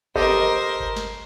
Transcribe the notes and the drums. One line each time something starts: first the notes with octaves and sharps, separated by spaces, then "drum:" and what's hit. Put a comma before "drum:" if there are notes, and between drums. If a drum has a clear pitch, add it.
G4 A4 A#4 C5 D#5, drum: kick G1
drum: tom E3
drum: kick G1
drum: snare